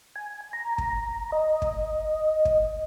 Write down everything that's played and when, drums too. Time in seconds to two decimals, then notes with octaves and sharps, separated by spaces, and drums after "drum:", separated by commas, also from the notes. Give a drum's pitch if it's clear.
0.16 G#5
0.53 A#5
0.78 drum: kick
1.32 D#5
1.62 drum: kick
2.45 drum: kick